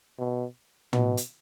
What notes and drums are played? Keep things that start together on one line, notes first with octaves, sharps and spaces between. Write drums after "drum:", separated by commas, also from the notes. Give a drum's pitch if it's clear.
B2
B2, drum: tom
drum: hi-hat